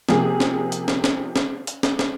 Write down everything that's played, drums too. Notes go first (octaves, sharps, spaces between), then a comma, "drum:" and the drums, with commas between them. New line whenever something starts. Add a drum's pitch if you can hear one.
C3 F3 A#3 G#4, drum: snare
drum: snare
drum: hi-hat
drum: snare
drum: snare
drum: snare
drum: hi-hat
drum: snare
drum: snare